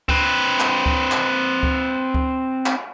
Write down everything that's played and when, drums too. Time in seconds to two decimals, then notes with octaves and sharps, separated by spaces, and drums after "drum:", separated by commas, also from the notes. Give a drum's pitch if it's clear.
0.09 C4 B4, drum: kick C#2
0.60 drum: clap
0.86 drum: kick C#2
1.12 drum: clap
1.63 drum: kick C#2
2.14 drum: kick C#2
2.66 drum: clap